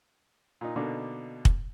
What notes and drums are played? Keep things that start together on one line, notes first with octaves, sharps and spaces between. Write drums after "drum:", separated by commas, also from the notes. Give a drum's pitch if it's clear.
A#2 D#4
B2 D3 A#3 D4 D#4
drum: kick